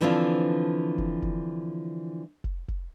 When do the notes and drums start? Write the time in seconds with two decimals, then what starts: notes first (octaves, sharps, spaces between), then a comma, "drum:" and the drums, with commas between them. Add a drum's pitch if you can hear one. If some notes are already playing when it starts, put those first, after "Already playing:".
0.01 D3 E3 F3 C4 D4 F4
0.98 drum: kick
1.22 drum: kick
2.44 drum: kick
2.68 drum: kick